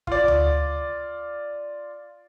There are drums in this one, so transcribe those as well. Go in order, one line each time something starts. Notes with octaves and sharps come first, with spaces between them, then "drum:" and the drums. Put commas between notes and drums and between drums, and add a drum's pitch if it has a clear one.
F4 D5, drum: kick
drum: tom D2